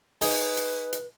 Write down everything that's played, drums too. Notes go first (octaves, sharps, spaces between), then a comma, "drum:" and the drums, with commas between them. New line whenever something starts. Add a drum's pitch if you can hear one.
D#4 G#4 B4, drum: open hi-hat
drum: hi-hat
drum: hi-hat